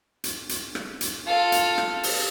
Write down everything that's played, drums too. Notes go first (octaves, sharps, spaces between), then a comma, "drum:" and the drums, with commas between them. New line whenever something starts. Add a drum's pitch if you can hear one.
drum: hi-hat
drum: hi-hat
drum: rim click
drum: hi-hat
F4 A4
drum: hi-hat
drum: rim click
drum: open hi-hat